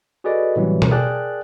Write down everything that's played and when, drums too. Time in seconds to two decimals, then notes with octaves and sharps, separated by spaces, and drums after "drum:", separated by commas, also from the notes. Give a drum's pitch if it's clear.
0.24 F#4 G#4 A4 B4 D5 D#5
0.56 A2 C3 E3 F#3 G3 B3
0.82 drum: tom B2
0.91 G#4 A#4 D5 G5 A5 F#6